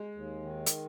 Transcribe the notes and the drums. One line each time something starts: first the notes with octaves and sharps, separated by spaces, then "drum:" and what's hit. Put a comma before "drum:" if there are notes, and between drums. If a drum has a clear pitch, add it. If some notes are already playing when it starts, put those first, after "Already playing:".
Already playing: G#3
D#2
D#3
drum: hi-hat